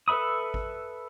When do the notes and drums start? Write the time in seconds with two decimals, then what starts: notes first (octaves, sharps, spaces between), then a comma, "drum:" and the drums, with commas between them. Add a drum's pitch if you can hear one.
0.08 A4 B4 E5 B5 D#6
0.54 drum: kick G#1